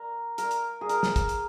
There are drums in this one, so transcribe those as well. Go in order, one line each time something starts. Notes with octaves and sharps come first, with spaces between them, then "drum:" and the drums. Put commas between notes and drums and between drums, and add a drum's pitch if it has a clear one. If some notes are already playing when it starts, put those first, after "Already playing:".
Already playing: A#4
A#4, drum: hi-hat
drum: hi-hat
G#4
A#4, drum: hi-hat
drum: snare
drum: kick, hi-hat
drum: hi-hat